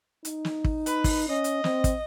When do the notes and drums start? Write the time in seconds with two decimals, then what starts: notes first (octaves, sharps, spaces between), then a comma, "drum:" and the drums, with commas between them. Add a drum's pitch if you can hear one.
0.25 D#4, drum: hi-hat
0.45 drum: snare
0.64 drum: kick
0.86 B4, drum: hi-hat
1.04 drum: kick, open hi-hat
1.29 C#4 D#5
1.44 drum: hi-hat
1.64 C4, drum: snare
1.84 drum: kick, hi-hat